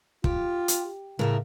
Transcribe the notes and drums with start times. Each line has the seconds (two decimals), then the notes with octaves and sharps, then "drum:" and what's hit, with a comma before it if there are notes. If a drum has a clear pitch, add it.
0.24 F4 G4, drum: kick
0.68 drum: hi-hat
1.19 A2 C#3 A#4 E5